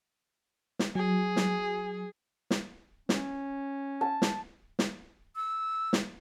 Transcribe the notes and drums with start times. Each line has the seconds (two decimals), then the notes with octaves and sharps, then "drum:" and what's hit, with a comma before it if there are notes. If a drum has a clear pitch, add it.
0.79 drum: snare
0.95 F#3 G#4
1.36 drum: snare
2.51 drum: snare
3.09 C#4, drum: snare
4.01 A5
4.22 drum: snare
4.79 drum: snare
5.36 E6
5.93 drum: snare